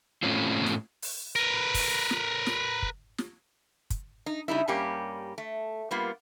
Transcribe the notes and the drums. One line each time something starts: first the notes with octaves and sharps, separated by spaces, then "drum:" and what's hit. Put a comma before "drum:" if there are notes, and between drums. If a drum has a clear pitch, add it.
A2 A3 C4 C#4 F4
drum: snare
drum: open hi-hat
A#4 B4
drum: kick, open hi-hat
drum: snare
drum: snare
drum: kick
drum: snare
drum: kick, hi-hat
D#4
C#3 G3 D#4 E4
G2 G3 A#3 C#4 G4
A3
G3 A#3 B3 F4